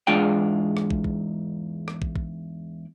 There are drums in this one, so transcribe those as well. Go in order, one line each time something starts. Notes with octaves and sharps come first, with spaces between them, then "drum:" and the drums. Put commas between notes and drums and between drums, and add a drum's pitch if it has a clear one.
E2 G#2 G#3 D4 F4 G5
drum: rim click
drum: kick
drum: kick
drum: rim click
drum: kick
drum: kick